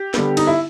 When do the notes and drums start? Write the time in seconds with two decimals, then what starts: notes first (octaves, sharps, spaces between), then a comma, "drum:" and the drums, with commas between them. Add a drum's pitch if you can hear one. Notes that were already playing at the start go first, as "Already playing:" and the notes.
Already playing: G4
0.14 D3 G3 B3, drum: snare
0.37 D#4, drum: cymbal
0.47 E4